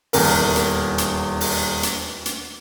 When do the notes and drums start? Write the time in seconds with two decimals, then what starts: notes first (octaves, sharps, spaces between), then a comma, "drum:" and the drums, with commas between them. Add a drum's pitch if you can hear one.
0.13 D#1 E2 A#4, drum: open hi-hat
0.56 drum: hi-hat
0.98 drum: hi-hat
1.41 drum: open hi-hat
1.83 drum: hi-hat
2.26 drum: hi-hat